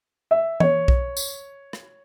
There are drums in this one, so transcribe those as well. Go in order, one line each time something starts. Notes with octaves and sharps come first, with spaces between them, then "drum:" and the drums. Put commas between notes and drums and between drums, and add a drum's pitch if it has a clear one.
E5
C#5, drum: tom
drum: kick B1
drum: tambourine
drum: rim click